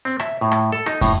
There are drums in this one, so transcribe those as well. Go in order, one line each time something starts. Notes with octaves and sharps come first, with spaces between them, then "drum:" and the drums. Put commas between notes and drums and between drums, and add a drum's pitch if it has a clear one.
C4
E5, drum: rim click
A2
drum: rim click
A4
D#4, drum: rim click
A2, drum: kick, open hi-hat